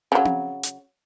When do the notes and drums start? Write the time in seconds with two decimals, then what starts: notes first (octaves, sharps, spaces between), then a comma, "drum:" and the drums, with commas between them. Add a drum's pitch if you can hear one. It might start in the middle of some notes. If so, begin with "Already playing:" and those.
0.12 C#3 F#3
0.25 drum: tom C4
0.63 drum: hi-hat